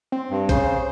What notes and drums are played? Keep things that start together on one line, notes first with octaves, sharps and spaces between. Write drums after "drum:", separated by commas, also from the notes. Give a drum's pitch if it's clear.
C4
G2
C#3 C5, drum: kick, hi-hat